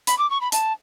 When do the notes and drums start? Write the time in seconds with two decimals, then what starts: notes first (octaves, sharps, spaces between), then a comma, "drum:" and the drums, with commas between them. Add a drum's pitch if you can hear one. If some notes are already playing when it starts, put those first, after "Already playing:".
0.07 B5, drum: hi-hat
0.18 D6
0.30 C#6
0.41 B5
0.52 A5, drum: hi-hat